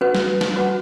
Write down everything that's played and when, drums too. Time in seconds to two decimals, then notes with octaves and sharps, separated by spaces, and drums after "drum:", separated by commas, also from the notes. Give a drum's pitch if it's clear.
0.01 C#4 F#4 B4 F#5
0.15 drum: snare G3
0.41 drum: snare G3
0.54 C#4 F#4 B4 F#5